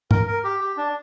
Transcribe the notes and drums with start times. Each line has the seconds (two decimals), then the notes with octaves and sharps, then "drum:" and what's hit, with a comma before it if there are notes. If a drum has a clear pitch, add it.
0.11 A#4, drum: tom
0.27 A#4
0.44 G4
0.61 G4
0.77 D4